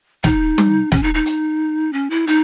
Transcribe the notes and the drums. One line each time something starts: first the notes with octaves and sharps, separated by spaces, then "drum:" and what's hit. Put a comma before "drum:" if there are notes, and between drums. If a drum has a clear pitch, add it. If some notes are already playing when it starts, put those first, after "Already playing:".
D#4, drum: snare
drum: tom G3
C#4, drum: snare
D#4
D#4
drum: hi-hat
C#4
E4
D#4, drum: hi-hat